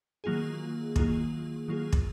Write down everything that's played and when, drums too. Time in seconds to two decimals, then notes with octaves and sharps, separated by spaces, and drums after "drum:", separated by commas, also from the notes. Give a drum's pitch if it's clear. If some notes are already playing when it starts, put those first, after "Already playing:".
0.24 D#3 F#3 A#3 F4 G#4
0.96 D#3 F#3 A#3 F4 G#4, drum: kick
1.68 D#3 F#3 A#3 F4 G#4
1.92 drum: kick